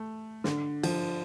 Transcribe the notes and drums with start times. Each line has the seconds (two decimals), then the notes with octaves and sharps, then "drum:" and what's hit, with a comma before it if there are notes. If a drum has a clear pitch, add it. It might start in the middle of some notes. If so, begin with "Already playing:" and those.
Already playing: A3
0.44 D3, drum: snare
0.83 F3, drum: cymbal